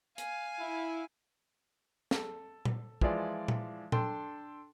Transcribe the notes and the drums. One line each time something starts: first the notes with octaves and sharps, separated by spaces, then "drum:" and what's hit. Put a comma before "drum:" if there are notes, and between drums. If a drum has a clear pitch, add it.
F5 G#5, drum: hi-hat
E4
A4, drum: snare
drum: tom A#2
E3 F3 G#3 E4 F4 D5, drum: kick
drum: tom A#2
D4 A4 G5 C6, drum: tom A#2